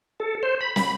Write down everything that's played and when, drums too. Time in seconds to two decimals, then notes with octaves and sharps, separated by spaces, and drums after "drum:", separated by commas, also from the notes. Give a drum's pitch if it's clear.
0.20 A4
0.43 C5
0.61 B5
0.76 B5, drum: snare